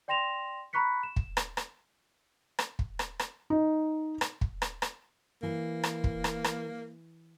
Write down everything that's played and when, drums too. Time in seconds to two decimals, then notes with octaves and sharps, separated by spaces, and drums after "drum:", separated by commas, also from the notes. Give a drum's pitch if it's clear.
0.08 D5 G5 C6 A#6 E7 F7
0.73 A#5 B5 C#6 F#6 B6 C#7
1.03 E7
1.16 drum: kick
1.37 drum: rim click
1.57 drum: rim click
2.59 drum: rim click
2.79 drum: kick
2.99 drum: rim click
3.19 drum: rim click
3.50 D#4
4.21 drum: rim click
4.41 drum: kick
4.62 drum: rim click
4.82 drum: rim click
5.43 E3 A#3
5.84 drum: rim click
6.04 drum: kick
6.24 drum: rim click
6.44 drum: rim click